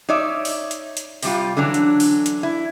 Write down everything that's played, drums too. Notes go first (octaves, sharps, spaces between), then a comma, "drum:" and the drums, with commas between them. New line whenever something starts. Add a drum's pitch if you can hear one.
D#4 C#5 D5 E5
drum: open hi-hat
drum: hi-hat
drum: hi-hat
C3 G3 F4, drum: open hi-hat
D3 E3 F#3 D4
drum: hi-hat
drum: open hi-hat
drum: hi-hat
E4